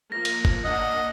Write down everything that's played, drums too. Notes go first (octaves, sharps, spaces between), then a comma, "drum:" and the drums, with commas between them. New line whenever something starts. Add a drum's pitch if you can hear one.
F3 A#3 A#6
drum: cymbal
drum: kick
A#3 D4 D#5 F#5